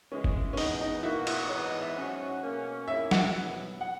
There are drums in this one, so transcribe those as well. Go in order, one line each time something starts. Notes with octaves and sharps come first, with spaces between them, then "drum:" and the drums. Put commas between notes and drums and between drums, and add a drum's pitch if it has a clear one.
C#3 E3 G#3 C#4
drum: kick F#1
C#4
E3 G#3 B3 D#4, drum: open hi-hat
D#4
B2 A#3 D#4 E4 F#4
E4, drum: cymbal
G#2 E3 B3 C#5
D#5
E5
G#2 F#3 C#4 F#4
B2 A#3 C#4 G#4
D#3 A#3 C#4 E4 G#4 E5
F#5, drum: snare
B2 F#3 B3
F#5